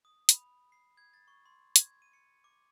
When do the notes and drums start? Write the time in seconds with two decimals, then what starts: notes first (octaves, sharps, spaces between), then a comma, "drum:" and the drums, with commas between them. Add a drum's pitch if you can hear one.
0.05 D#6
0.29 B5, drum: hi-hat
0.72 C7
0.97 G#6
1.14 A6
1.28 C#6
1.46 C6
1.76 G#6, drum: hi-hat
2.02 D#7
2.13 C#7
2.44 D6